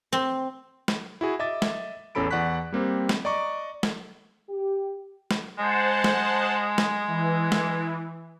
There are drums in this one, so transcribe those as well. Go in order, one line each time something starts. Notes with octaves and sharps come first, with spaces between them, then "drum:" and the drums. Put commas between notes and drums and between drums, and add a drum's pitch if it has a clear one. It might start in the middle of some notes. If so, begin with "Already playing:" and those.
C4
drum: snare
E4 F#4 G#4
D#5 E5 D6 A6
drum: snare
A1 E2 C#4 A4 B5 D7
E2 D5 F#5 C#6 F#6 B6
G3 A#3 C4 G4
drum: snare
D5 D#5 A#5 C#6 D6
drum: snare
G4
drum: snare
G#3 C5 F#5 A5
drum: snare
drum: snare
E3
drum: snare